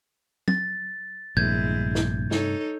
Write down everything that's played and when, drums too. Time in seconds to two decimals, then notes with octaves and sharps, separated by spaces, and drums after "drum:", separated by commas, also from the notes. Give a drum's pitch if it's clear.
0.48 A6, drum: tom
1.37 A#1 G2 C3 G#3 A3 E4 G6 G#6
1.95 drum: snare
2.31 D#4 A4 C#5, drum: snare